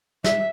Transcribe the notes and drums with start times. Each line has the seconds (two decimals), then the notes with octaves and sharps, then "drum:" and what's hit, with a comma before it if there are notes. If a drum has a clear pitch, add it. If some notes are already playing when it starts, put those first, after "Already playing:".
0.24 E5, drum: snare